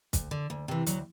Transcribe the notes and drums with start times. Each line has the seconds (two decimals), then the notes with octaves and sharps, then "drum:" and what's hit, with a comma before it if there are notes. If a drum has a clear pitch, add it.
0.13 D2, drum: kick, hi-hat
0.31 D3
0.50 D2
0.68 C3 E3
0.86 D2 F#3, drum: hi-hat